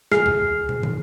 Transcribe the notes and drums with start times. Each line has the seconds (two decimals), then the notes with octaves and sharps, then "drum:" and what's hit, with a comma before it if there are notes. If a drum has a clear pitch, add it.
0.12 G#4 F6 C7, drum: snare
0.26 drum: kick C2
0.69 drum: tom
0.83 drum: tom